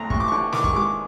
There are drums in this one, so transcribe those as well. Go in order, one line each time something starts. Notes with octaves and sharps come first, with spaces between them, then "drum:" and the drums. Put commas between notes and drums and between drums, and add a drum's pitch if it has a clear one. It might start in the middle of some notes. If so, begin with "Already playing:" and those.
Already playing: D2 A#5
D2 C#6, drum: kick
D6
D3 C#6
D#3 D6, drum: snare
C#6, drum: kick
G#3 D6